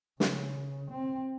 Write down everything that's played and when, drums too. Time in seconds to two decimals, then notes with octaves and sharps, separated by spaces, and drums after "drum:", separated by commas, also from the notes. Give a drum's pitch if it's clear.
0.20 C#3, drum: snare
0.91 C4